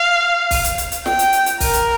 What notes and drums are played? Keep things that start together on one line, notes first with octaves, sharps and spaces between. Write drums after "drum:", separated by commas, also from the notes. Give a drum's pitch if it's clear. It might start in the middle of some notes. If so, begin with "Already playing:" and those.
Already playing: F5
drum: kick, open hi-hat
drum: hi-hat
drum: hi-hat
drum: hi-hat
G5, drum: snare
drum: hi-hat
drum: hi-hat
drum: hi-hat
A#4, drum: kick, open hi-hat
drum: hi-hat